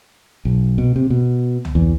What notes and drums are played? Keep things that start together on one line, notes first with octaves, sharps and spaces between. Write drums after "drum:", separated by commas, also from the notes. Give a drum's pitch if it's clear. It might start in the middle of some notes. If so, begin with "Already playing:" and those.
B1
B2
C3
B2
drum: tom
E2